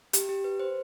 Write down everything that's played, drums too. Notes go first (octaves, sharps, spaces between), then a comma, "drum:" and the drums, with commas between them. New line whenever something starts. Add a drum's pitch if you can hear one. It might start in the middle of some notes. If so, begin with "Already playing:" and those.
G4, drum: hi-hat
G4
B4
C5